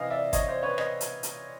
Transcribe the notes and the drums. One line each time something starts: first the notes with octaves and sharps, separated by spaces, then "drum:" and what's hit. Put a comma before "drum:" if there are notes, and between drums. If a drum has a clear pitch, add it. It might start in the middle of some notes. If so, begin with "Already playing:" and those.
Already playing: C3 E3 D#5 F5
D5 E5
C#5 D#5, drum: kick, hi-hat
C5 D5
B4 C#5
C#5 D#5, drum: rim click
drum: hi-hat
drum: hi-hat